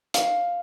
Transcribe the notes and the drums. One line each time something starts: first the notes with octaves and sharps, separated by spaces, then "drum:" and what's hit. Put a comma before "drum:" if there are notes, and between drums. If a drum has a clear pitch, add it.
F5, drum: hi-hat